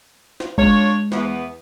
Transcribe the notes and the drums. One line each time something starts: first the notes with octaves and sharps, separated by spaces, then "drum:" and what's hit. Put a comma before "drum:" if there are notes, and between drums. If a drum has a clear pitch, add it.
drum: snare
G#3 D4 F4 C#5, drum: kick
E2 E3 B3, drum: snare